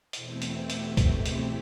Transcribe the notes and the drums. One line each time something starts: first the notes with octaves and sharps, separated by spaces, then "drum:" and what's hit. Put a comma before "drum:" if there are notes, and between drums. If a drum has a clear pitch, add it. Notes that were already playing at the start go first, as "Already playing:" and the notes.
E2 B2 A3 C4 E4, drum: hi-hat
drum: hi-hat
G4
drum: hi-hat
G4, drum: kick C#2, hi-hat
drum: hi-hat